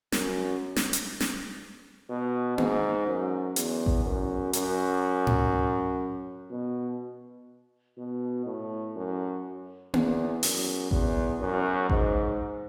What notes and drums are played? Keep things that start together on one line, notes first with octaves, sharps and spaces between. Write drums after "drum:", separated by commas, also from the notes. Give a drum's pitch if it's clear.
F#2, drum: snare
drum: snare
drum: hi-hat
drum: snare
B2
G#2, drum: tom A#3
F#2
E2, drum: hi-hat
drum: kick A1
F#2
F#2, drum: hi-hat
drum: tom G#2
B2
B2
A2
F#2
E2, drum: tom A#3
F#2, drum: open hi-hat
E2, drum: kick A1
F#2
G#2, drum: kick A1